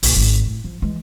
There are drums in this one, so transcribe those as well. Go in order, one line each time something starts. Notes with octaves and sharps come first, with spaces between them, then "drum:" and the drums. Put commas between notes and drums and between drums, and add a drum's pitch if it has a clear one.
A#1 C#3, drum: open hi-hat
G#1 D3
A2
F3
E3 G#3